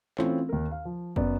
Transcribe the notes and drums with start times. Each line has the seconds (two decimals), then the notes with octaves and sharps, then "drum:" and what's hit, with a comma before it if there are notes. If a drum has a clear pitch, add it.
0.18 E3 A3 C4 C#4 E4 F4, drum: clap
0.49 D#2 A#4
0.71 F5
0.85 F3
1.16 F#2 B3 D5, drum: kick F#1